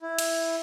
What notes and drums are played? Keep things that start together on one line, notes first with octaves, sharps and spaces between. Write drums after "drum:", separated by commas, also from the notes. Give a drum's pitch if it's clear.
E4
drum: cymbal